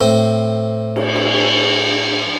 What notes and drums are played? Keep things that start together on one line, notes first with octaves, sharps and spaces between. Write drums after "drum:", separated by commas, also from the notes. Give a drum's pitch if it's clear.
A2 C4
drum: cymbal
drum: cymbal